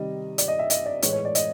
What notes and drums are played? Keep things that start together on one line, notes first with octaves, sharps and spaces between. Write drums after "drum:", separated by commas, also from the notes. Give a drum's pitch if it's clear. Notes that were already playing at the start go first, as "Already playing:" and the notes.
Already playing: C3 D#3 G3 D#5
D5, drum: hi-hat
D#5
E5
D#5, drum: hi-hat
D5
A2 E3 G#3 C#5, drum: hi-hat
C#5
D5
D#5, drum: hi-hat